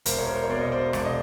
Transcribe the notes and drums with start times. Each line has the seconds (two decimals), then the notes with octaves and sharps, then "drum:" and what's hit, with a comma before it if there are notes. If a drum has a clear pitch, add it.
0.06 E1 A#4 C5, drum: hi-hat
0.18 C#5
0.27 A#4 C5
0.44 C#5
0.50 B2 C5 D5
0.61 D#5
0.72 C5 D5
0.93 E1 D5, drum: rim click
1.05 D#5